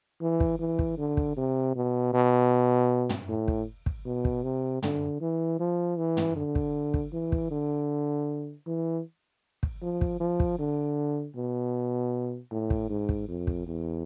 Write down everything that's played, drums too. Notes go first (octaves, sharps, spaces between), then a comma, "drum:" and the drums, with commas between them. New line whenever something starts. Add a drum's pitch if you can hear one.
E3
drum: kick
E3
drum: kick
D3
drum: kick
C3
B2
B2
drum: tom
A2
drum: kick
drum: kick
B2
drum: kick
C3
D3, drum: tom
E3
F3
E3
drum: tom
D3
drum: kick
drum: kick
E3
drum: kick
D3
E3
drum: kick
F3
drum: kick
F3
drum: kick
D3
B2
A2
drum: kick
G#2
drum: kick
F2
drum: kick
E2